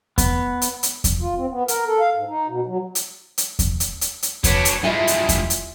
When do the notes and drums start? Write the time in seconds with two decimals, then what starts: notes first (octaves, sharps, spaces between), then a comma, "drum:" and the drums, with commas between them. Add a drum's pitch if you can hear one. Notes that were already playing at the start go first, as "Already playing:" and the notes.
0.18 B3, drum: kick E2, hi-hat
0.62 drum: hi-hat
0.83 drum: hi-hat
1.04 drum: kick E2, hi-hat
1.21 F4
1.36 C4
1.51 B3
1.68 A#4, drum: hi-hat
1.86 A4
2.00 F5
2.15 G#2
2.28 D#4
2.48 B2
2.66 F#3
2.95 drum: hi-hat
3.38 drum: hi-hat
3.59 drum: kick E2, hi-hat
3.80 drum: hi-hat
4.01 drum: hi-hat
4.23 drum: hi-hat
4.44 F#3 D4 B4 C#5, drum: kick E2, hi-hat
4.65 drum: hi-hat
4.83 G2 G#3 E4 F4 D#5 E5 G#5
5.07 drum: hi-hat
5.29 drum: kick E2, hi-hat
5.50 drum: hi-hat